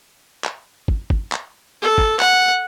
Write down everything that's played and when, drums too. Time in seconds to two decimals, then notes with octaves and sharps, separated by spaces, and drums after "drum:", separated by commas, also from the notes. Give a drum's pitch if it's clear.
0.44 drum: clap
0.88 drum: kick
1.10 drum: kick
1.32 drum: clap
1.82 A4
1.98 drum: kick
2.20 F#5, drum: clap